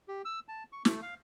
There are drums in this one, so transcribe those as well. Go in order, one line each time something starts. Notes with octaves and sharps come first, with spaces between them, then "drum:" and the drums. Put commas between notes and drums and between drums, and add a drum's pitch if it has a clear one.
G4
E6
A5
C#6
A3, drum: snare
F5